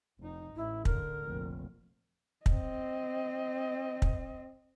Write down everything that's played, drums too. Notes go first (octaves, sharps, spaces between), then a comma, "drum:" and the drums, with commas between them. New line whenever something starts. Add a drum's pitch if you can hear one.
F1 D#4
A1 E4
D3 A#4, drum: kick
F1 A#1
C4 D#5, drum: kick
drum: kick